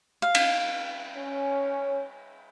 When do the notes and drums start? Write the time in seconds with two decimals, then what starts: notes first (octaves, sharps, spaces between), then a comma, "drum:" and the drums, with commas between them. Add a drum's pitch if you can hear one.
0.22 F5
0.35 drum: cymbal
1.15 C#4